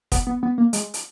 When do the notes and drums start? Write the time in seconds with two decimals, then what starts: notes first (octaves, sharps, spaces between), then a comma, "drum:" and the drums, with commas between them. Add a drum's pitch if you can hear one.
0.12 B3, drum: kick, hi-hat
0.27 B3
0.43 B3
0.58 A#3
0.73 G#3, drum: hi-hat
0.94 drum: hi-hat